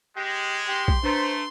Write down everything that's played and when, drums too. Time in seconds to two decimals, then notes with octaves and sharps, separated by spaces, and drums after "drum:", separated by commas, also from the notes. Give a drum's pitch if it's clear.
0.16 G#3 G4
0.68 G4 C6
0.88 drum: kick A#1
1.03 A3 D4 B4 C5 A#5